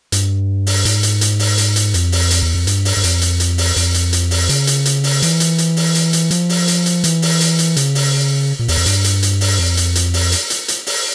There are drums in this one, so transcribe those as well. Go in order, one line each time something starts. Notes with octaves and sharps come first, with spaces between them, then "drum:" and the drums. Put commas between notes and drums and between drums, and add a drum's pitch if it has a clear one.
G2, drum: hi-hat
drum: open hi-hat
G#2, drum: hi-hat
drum: hi-hat
drum: hi-hat
drum: open hi-hat
drum: hi-hat
drum: hi-hat
F2, drum: hi-hat
drum: open hi-hat
drum: hi-hat
E2
F2
G2, drum: hi-hat
drum: open hi-hat
G2
F2, drum: hi-hat
drum: hi-hat
drum: hi-hat
drum: open hi-hat
F2, drum: hi-hat
drum: hi-hat
drum: hi-hat
drum: open hi-hat
C#3, drum: hi-hat
drum: hi-hat
drum: hi-hat
drum: open hi-hat
E3, drum: hi-hat
drum: hi-hat
drum: hi-hat
drum: open hi-hat
drum: hi-hat
drum: hi-hat
F3, drum: hi-hat
drum: open hi-hat
drum: hi-hat
drum: hi-hat
E3, drum: hi-hat
drum: open hi-hat
drum: hi-hat
drum: hi-hat
C#3, drum: hi-hat
drum: open hi-hat
A#2
E2, drum: open hi-hat
F2
G2, drum: hi-hat
drum: hi-hat
drum: hi-hat
drum: open hi-hat
F2
drum: hi-hat
drum: hi-hat
drum: open hi-hat
drum: hi-hat
drum: hi-hat
drum: hi-hat
drum: open hi-hat